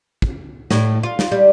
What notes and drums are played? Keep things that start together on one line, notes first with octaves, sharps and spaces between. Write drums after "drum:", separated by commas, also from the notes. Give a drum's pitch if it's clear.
drum: kick
A2, drum: snare
F4
drum: snare
G3